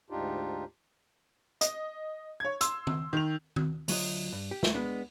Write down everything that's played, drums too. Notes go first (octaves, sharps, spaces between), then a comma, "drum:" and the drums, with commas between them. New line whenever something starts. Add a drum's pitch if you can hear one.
D2 G#2 D4 D#4 F4 G4
D#5, drum: hi-hat
C#5 G#6
C6 E6, drum: hi-hat
drum: tom D#3
D#3 F7
drum: tom D#3
D2 F#3 F4 D#5, drum: open hi-hat
G2
G4
drum: snare
G#3 B3 D4